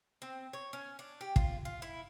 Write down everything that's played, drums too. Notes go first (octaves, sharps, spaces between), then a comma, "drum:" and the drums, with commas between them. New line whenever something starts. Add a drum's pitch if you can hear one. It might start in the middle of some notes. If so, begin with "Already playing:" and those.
C4
C#5
C#4
D4
G4
F4, drum: kick
F4
E4